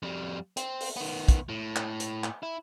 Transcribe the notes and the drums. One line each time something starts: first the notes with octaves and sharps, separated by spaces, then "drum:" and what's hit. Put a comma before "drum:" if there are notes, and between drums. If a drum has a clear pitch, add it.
F2 G3
C4, drum: hi-hat
drum: open hi-hat
D#3 B3
drum: kick, hi-hat
A2
drum: clap
drum: hi-hat
drum: clap
E4